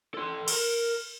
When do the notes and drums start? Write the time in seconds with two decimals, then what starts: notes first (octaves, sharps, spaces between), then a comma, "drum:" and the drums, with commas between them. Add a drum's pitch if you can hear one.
0.14 A4 C6
0.48 A#4, drum: cymbal